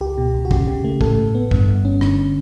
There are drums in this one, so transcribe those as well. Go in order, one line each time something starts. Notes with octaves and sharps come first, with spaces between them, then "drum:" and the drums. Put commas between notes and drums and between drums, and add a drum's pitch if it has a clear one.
C#2 G4
B2
C#2
F#4
C#3 G4, drum: kick
C#3
A3
A2 A4, drum: kick
A2
B3
G2, drum: kick
G1
C#4
D3, drum: rim click